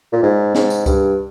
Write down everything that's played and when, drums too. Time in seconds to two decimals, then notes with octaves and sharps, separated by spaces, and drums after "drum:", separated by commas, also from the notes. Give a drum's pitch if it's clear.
0.13 A#2
0.23 G#2
0.55 G#2, drum: snare
0.70 drum: tambourine
0.86 G2, drum: kick C#2, tambourine